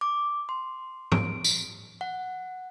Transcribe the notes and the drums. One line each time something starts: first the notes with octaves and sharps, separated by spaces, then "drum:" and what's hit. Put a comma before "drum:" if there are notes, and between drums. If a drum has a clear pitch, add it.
D6
C6
D7, drum: tom
drum: tambourine
F#5